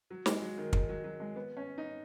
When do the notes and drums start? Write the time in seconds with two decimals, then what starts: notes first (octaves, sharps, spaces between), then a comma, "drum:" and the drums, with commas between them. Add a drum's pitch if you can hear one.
0.10 F#3
0.26 G#3, drum: snare
0.42 F#3
0.58 D#3
0.73 D#3, drum: kick
0.89 F#3
1.04 F#3
1.20 G#3
1.36 B3
1.57 C#4
1.78 D#4